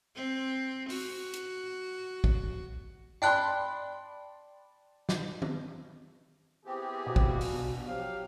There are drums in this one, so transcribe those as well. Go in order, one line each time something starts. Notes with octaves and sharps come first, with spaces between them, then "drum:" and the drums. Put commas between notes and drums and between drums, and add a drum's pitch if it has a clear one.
C4
F#4, drum: open hi-hat
drum: hi-hat
drum: kick
D5 G5 A5 B5 C6 F#6
drum: snare
drum: tom
B3 C4 E4 G4 G#4
B2 D4 F4 F#4
drum: kick
drum: open hi-hat
F3 F#3 G4 F5